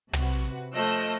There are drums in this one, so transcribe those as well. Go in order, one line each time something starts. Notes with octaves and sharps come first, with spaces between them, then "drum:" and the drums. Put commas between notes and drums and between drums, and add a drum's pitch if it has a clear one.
C3 F#4 B4, drum: tom
F3 A3 D#5 E6 G6